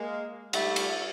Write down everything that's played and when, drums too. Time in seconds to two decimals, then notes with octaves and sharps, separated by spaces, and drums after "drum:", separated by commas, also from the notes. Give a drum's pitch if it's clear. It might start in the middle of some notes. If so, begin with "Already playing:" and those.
Already playing: G#3 A#3
0.53 G3 A3, drum: cymbal
0.76 drum: cymbal